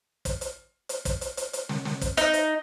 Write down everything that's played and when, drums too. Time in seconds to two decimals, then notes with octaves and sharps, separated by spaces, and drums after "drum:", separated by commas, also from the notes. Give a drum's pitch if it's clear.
0.25 drum: kick, hi-hat
0.41 drum: hi-hat
0.89 drum: hi-hat
1.05 drum: kick, hi-hat
1.21 drum: hi-hat
1.37 drum: hi-hat
1.53 drum: hi-hat
1.69 drum: snare
1.85 drum: snare
2.01 drum: kick, hi-hat
2.17 D#4, drum: hi-hat
2.33 drum: hi-hat